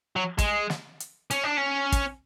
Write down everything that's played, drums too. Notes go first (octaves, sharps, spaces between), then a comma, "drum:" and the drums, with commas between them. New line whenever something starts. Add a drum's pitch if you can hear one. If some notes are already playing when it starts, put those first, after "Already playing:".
F#3
G#3, drum: kick, hi-hat
drum: snare
drum: hi-hat
C#4, drum: hi-hat
D4
C#4
drum: kick, hi-hat